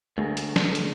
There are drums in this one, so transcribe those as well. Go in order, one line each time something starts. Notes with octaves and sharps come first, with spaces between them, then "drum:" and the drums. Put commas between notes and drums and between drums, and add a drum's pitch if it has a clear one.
D2 A3 G#4 A#4
drum: hi-hat
drum: snare
drum: hi-hat